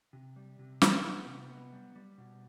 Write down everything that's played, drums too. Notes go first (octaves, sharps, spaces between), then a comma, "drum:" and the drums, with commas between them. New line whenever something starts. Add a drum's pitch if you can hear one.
C3
G3
C3
B3, drum: snare
B3
C3
B3
G3
G3
B2